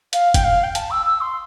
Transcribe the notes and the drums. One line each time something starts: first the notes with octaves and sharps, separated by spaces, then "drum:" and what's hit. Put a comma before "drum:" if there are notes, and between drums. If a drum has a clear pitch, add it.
F5, drum: hi-hat
G5, drum: kick F#1, hi-hat
F5
G5
A5, drum: hi-hat
E6
E6
C6